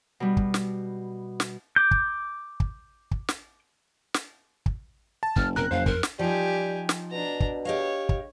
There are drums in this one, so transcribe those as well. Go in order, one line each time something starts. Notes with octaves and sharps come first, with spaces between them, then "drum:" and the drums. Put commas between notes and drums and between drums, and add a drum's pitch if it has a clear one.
B2 G3
drum: kick
drum: snare
drum: snare
D6 G6
drum: kick
drum: kick
drum: kick
drum: snare
drum: snare
drum: kick
A5
F#1 F6, drum: kick
F1 B2 C4 A#4 A#5 F#6
F#1 F2 C5 F5
A#4, drum: kick
drum: snare
F3 G3 D#4 G4 G#5
drum: snare
B2 D4 A#5
drum: kick
G4 C#5 D#5 F5
drum: kick